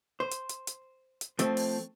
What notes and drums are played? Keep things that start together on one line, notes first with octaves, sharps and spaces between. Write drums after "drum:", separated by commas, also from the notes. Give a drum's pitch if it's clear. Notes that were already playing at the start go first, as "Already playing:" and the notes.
C5
drum: hi-hat
drum: hi-hat
drum: hi-hat
drum: hi-hat
F3 A3 C4 C5, drum: hi-hat
drum: open hi-hat